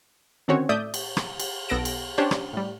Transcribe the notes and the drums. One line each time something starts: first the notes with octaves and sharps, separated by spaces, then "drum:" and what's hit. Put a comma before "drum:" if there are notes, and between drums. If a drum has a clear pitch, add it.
D3 D#3 C4 C#4 F#4 C#5
A2 A3 D5 E5 D#6 G6
drum: cymbal
drum: rim click
drum: cymbal
B1 B3 A4 A#6 D7 E7
drum: cymbal
C#4 D4 G4 C5 C#5
drum: rim click
A2 G3